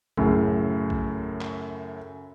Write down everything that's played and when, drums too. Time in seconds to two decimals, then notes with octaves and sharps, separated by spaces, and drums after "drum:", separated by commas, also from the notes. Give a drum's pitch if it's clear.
0.17 F#2 A2 C#3, drum: kick A#1
0.90 drum: kick A#1
1.41 drum: clap